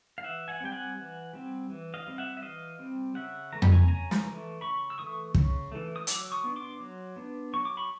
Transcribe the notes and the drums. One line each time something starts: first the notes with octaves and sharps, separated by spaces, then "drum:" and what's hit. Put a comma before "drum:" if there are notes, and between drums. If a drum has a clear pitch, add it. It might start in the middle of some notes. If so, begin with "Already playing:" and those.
F5
E3 E5 F#5
F#5 G#5
G3 C4 G5
F#5 G#5
E3
G3 C4
E3
D#5 F5
G3 C4
E5 F#5
E5
E3 D#5 F5
G3 C4
C#3 E5 F#5
E3 A3 A#5
B5, drum: tom F2
G#5 A#5
C#3 G#5 A#5
drum: snare
E3 A3
C#3 B5 C#6
E6
E3 A3 C#6 D#6
C#3, drum: kick
E3 A3
D#6
F#3 D6 E6, drum: hi-hat
C#6 D#6
B3 D4
C6 D6
F#3
B3 D4
F#3 C#6
D6
B5 C#6